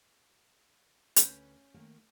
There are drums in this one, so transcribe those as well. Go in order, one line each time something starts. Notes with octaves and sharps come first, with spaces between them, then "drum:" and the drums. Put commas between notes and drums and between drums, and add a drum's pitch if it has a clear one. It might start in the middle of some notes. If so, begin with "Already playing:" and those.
D2 C#4 B4 G6, drum: hi-hat
D#3 A3 A#3